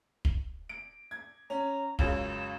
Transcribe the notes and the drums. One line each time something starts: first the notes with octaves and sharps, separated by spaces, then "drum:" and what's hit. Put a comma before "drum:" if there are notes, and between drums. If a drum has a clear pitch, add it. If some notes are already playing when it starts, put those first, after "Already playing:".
drum: kick
D7
G#6
C#4 A#5
C#2 F#2 C#3 E7, drum: kick